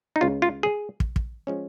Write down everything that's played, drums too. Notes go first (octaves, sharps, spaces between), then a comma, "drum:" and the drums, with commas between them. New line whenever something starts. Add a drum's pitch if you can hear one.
D#4
C#2 C#3 G#3 C#4 F4
F4
G#4
drum: kick
drum: kick
F3 G#3 C#4